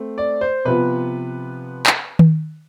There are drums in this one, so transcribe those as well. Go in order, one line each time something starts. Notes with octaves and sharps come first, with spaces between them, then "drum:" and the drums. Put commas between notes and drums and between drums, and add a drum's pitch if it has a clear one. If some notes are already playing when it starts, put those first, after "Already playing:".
Already playing: A3 C4
D5
C5
C3 F3 B3 F4 B4
drum: clap
drum: tom D#3